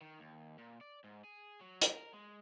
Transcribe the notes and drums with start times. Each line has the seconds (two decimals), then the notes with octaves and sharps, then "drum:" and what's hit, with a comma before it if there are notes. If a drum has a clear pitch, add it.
0.01 D#3
0.19 D#2
0.58 A#2
0.81 D5
1.04 G#2
1.24 G#4
1.60 F#3
1.81 drum: hi-hat
1.93 A#4
2.13 G#3